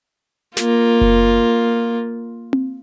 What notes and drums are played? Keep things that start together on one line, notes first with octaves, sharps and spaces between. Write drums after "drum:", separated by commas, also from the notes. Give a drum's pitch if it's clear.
A#3 F4, drum: snare
drum: kick F#1
drum: tom C4